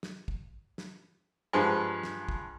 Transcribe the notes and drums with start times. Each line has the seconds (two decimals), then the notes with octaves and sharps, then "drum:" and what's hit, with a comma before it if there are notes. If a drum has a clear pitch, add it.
0.03 drum: snare
0.28 drum: kick
0.78 drum: snare
1.53 G2 F3 G#3
2.03 drum: snare
2.29 drum: kick